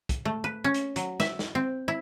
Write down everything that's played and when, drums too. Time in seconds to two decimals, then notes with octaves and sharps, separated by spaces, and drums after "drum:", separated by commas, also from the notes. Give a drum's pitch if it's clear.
0.09 drum: kick, hi-hat
0.25 A3
0.44 B4
0.64 C#4
0.74 drum: hi-hat
0.96 F#3, drum: hi-hat
1.20 E5, drum: snare
1.39 drum: snare
1.55 C4
1.88 E4